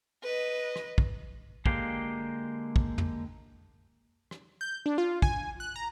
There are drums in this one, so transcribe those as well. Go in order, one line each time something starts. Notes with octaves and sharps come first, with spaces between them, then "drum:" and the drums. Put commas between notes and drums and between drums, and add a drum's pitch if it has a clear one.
B4 D#5
drum: rim click
drum: kick
D3 G#3 A#3 G4 F5, drum: kick
drum: kick
drum: tom
drum: rim click
G6
D4
F4
G#5, drum: kick
F#6
A#5